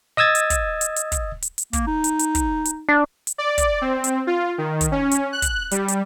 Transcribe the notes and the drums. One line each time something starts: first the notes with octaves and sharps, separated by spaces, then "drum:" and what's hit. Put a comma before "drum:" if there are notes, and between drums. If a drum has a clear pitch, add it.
D#5 D#6 E6 G#6 A6
drum: hi-hat
drum: kick, hi-hat
drum: hi-hat
drum: hi-hat
drum: kick, hi-hat
drum: hi-hat
drum: hi-hat
A#3, drum: kick, hi-hat
D#4
drum: hi-hat
drum: hi-hat
drum: kick, hi-hat
drum: hi-hat
D4
drum: hi-hat
D5
drum: kick, hi-hat
C4
drum: hi-hat
F4
D#3
drum: kick, hi-hat
C#4
drum: hi-hat
F#6
drum: kick, hi-hat
G3, drum: hi-hat
drum: hi-hat